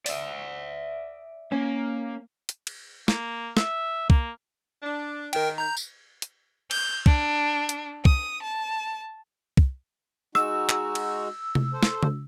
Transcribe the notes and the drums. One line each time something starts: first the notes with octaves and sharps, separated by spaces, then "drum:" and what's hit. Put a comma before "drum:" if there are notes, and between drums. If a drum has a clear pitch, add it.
D5 E5, drum: open hi-hat
A#3 C#4
drum: hi-hat
drum: cymbal
A#3, drum: snare
E5, drum: snare
A#3, drum: kick
D4
D#3 A#4 G5, drum: cymbal
A#5 G6
drum: tambourine
drum: hi-hat
G6, drum: cymbal
D4, drum: kick
drum: hi-hat
D#6, drum: kick
A5
drum: kick
G#3 D#4 F#4 E6, drum: rim click
drum: clap
drum: cymbal
drum: tom C3
A4 C5
drum: snare
drum: tom C#3